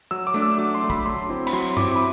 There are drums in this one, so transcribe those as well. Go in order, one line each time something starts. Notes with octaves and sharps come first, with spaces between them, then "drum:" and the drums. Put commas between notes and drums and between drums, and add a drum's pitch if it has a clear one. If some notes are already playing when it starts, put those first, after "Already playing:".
F#3 E6
D6
A3 D4, drum: hi-hat
E6
F#3 D6
C6
A3 D4
B5, drum: kick
F#3 C6
C4 E4
B5, drum: cymbal
F#3 C6
C4 E4 D6, drum: tom G2
B5